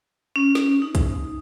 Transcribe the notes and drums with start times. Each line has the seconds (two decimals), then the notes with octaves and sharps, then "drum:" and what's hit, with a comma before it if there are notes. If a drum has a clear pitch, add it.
0.36 C#4
0.55 drum: snare
0.82 D#4
0.95 drum: kick, hi-hat